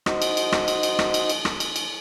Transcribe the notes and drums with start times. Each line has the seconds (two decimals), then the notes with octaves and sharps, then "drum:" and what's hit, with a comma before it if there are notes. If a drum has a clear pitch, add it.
0.06 D#4 F#4 C5 D#5, drum: rim click
0.22 drum: cymbal
0.37 drum: cymbal
0.52 drum: rim click
0.68 drum: cymbal
0.83 drum: cymbal
0.99 drum: rim click
1.14 drum: cymbal
1.29 drum: cymbal
1.45 drum: rim click
1.60 drum: cymbal
1.76 drum: cymbal